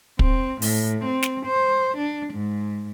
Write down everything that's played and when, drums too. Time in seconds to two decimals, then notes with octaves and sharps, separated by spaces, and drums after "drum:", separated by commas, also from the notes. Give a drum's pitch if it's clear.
0.19 C4, drum: kick
0.62 A2, drum: open hi-hat
1.05 C4
1.23 drum: snare
1.46 C5
1.97 D4
2.34 G#2